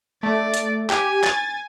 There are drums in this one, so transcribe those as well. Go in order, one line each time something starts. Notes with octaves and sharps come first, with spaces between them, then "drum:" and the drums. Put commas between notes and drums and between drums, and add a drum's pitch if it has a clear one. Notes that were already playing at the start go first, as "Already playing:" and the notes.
A3 D5
drum: hi-hat
G4 G#5, drum: clap
A6, drum: clap